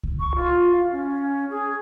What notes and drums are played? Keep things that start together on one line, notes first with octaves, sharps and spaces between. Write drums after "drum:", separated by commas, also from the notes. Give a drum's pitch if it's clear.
drum: kick C#2
C#6
F4
F5
C#4
G#4